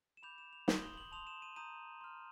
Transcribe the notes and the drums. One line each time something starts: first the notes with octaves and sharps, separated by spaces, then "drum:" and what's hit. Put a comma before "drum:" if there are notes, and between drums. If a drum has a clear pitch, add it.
E7
B5 D6 G6 F7
E7
F7
C6 D#6 G6 F#7, drum: snare
G7
F#7
A5 C6 D#6 F7
E7
D#7
A#5 D#6 G6 D#7
C6 F6